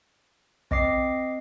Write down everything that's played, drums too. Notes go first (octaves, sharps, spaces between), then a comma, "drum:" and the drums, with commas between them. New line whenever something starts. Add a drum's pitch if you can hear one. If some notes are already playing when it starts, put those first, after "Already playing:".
C4 D#5 D6 C7, drum: kick